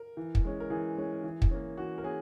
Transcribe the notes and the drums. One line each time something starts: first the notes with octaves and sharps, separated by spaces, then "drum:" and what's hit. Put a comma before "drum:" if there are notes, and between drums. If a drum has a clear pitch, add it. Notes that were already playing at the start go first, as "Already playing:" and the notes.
Already playing: A#4
E3
drum: kick
G#3 C#4
A#4
E3 G#4
G#3 C#4
E3
drum: kick
A#3 C#4
E3 F#4
A#4
A#3 C#4 G#4